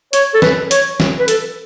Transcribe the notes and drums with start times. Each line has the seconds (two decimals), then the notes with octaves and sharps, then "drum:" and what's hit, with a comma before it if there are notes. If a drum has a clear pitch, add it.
0.13 C#5, drum: hi-hat
0.34 A4
0.42 B4, drum: snare
0.71 C#5, drum: hi-hat
1.00 drum: snare
1.19 B4
1.28 A4, drum: hi-hat